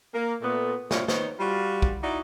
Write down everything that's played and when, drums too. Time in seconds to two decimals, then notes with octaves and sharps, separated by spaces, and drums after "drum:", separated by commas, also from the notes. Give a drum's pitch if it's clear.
0.14 A#3
0.42 A#2 A3 B3
0.91 D2 A2 C3 G3 F4 C#5, drum: snare
1.08 D#3 B3 D#4 C5 C#5, drum: snare
1.39 G3 F4 F#4
1.82 drum: kick
2.03 D#4 E4 F#4 D5